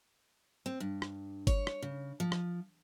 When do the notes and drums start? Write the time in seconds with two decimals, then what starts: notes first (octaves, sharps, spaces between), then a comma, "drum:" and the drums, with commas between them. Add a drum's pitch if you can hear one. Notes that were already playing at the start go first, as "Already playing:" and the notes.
0.66 C4
0.80 G2
1.02 drum: rim click
1.47 C#5, drum: kick G1, hi-hat
1.67 drum: rim click
1.82 C#3
2.20 F3
2.32 drum: rim click